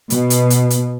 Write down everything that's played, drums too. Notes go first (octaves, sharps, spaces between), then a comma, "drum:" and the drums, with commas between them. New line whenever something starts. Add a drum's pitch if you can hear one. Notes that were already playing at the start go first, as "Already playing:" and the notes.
B2, drum: hi-hat
drum: hi-hat
drum: hi-hat
drum: hi-hat